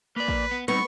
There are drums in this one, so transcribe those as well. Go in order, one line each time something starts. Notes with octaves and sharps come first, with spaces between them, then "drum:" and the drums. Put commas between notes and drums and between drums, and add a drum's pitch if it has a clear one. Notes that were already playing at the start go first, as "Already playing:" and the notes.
A#3 B4 D5
drum: kick A#1
B3
G3 B3 C4 D#4 C#6, drum: cymbal